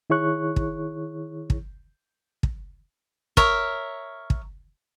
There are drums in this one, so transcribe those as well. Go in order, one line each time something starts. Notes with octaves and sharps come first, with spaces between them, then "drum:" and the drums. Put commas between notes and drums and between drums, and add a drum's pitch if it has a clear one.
D#3 E4 G#4 C#5 C#6 F#6
drum: kick
drum: kick
drum: kick
A#4 C#5 E5, drum: kick
drum: kick